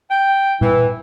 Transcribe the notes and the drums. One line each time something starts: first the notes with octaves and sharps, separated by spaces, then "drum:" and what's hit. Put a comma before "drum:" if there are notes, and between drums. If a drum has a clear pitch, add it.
G5
E3, drum: tom A#2